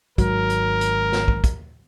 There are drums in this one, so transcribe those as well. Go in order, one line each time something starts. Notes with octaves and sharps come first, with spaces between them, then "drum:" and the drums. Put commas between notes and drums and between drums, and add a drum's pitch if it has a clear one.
G#1 G#2 F#3 A#4, drum: kick, hi-hat
drum: hi-hat
drum: hi-hat
drum: snare
drum: kick
drum: kick, hi-hat